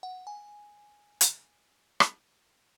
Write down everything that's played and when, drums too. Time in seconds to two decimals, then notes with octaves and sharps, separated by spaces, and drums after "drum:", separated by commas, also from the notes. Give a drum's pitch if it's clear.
0.03 F#5
0.27 G#5
1.21 drum: hi-hat
2.00 drum: rim click